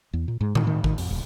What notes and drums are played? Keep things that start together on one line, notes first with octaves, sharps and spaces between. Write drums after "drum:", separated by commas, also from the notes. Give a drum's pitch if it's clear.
E2
A#2
G#2
D#3, drum: tom A2
D#3
D#3, drum: kick
F2, drum: open hi-hat
D#1